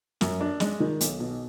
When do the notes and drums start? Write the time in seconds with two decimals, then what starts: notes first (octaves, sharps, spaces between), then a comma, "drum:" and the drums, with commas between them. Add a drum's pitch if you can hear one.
0.21 F#2, drum: snare
0.41 D4
0.60 G#3, drum: snare
0.80 D#3
1.01 B1, drum: hi-hat
1.20 B2